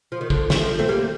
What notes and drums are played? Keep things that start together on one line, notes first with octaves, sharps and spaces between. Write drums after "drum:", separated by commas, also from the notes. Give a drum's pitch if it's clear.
F3
D#3
D3 F3, drum: kick
D#3 G3, drum: snare
F3 A3
A3 C4
G3 A#3